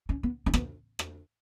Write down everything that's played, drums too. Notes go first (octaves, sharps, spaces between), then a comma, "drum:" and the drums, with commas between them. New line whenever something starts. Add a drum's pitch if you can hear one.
C#4
B3
C#4
B3, drum: rim click
drum: rim click